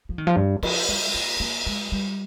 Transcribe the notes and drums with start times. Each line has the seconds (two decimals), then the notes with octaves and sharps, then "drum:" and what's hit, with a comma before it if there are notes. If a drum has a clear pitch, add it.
0.09 F3
0.18 D#3
0.27 F3
0.36 G2
0.63 F3, drum: cymbal
0.89 G3
1.14 A#3
1.40 A#3
1.67 G#3
1.92 G3